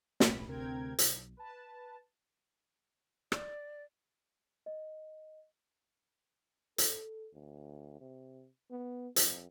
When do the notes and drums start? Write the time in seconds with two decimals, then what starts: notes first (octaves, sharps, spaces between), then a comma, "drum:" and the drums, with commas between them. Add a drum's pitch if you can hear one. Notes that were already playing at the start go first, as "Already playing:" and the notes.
0.20 B1 A2 E3 B5, drum: snare
0.47 D2 C3 C4 A#4 G5 G#6
0.99 B1, drum: hi-hat
1.37 B4 A5
3.32 D5, drum: rim click
4.66 D#5
6.78 A4, drum: hi-hat
7.34 D2
8.00 C3
8.71 B3
9.16 F2, drum: hi-hat